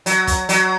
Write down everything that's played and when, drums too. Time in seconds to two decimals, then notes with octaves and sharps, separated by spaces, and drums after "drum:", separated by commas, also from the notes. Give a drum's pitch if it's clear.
0.06 F#3, drum: hi-hat
0.27 drum: kick, hi-hat
0.49 F#3, drum: hi-hat